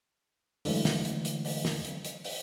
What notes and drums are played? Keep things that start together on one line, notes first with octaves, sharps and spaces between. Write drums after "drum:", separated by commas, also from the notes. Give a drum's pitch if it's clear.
D3 E3 F#3 G#3 A3, drum: open hi-hat
drum: snare
drum: hi-hat
drum: hi-hat
drum: open hi-hat
drum: snare
drum: hi-hat
drum: hi-hat
drum: open hi-hat